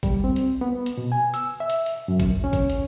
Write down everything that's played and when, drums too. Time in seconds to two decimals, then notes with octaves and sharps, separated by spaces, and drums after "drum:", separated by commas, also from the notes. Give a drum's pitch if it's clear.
0.03 G3, drum: kick G#1, hi-hat
0.24 C4
0.36 drum: hi-hat
0.61 B3
0.86 drum: hi-hat
0.97 B2
1.12 G#5
1.34 E6, drum: hi-hat
1.60 E5
1.70 drum: hi-hat
1.86 drum: hi-hat
2.08 F#2
2.20 drum: kick G#1, hi-hat
2.44 C#4
2.53 drum: kick G#1, hi-hat
2.70 drum: hi-hat